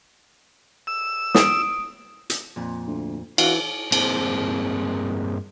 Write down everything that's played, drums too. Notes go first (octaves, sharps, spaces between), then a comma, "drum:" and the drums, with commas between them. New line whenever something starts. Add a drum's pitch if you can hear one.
E6
D#6 D7, drum: snare
drum: hi-hat
F2 A#2
D2
E3 D4 F#4 F5, drum: cymbal
G2 A#3 C4 G#4 C5 A5, drum: cymbal